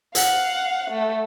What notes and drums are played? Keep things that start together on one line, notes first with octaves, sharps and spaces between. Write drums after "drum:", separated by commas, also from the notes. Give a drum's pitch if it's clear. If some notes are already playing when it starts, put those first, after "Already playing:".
F5 F#5, drum: hi-hat
A3